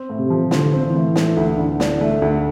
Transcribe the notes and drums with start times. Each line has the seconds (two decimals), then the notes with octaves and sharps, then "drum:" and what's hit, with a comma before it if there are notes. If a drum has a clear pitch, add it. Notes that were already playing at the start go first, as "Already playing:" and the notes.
Already playing: C4
0.09 A2
0.19 C3
0.30 F3
0.51 D3 F4, drum: snare
0.73 C4
0.84 E3
0.95 A2
1.16 A3, drum: snare
1.37 D2
1.58 D3
1.80 D4, drum: snare
2.01 A3
2.22 D2